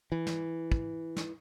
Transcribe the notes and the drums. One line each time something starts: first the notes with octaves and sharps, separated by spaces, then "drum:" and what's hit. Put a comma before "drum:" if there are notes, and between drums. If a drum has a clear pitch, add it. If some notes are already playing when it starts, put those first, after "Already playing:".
E3
drum: snare
drum: kick
drum: snare